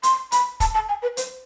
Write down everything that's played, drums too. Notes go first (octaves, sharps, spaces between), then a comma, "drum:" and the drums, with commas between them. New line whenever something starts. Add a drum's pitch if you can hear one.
C6, drum: hi-hat
B5, drum: hi-hat
A5, drum: kick, hi-hat
A5
G#5
B4
C5, drum: hi-hat